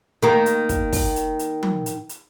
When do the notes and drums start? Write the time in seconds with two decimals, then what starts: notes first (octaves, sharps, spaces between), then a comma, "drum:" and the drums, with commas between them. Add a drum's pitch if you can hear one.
0.23 D#3 A#3
0.46 drum: hi-hat
0.69 drum: kick, hi-hat
0.93 drum: kick, open hi-hat
1.16 drum: hi-hat
1.39 drum: hi-hat
1.63 drum: tom F3
1.86 drum: hi-hat
2.09 drum: hi-hat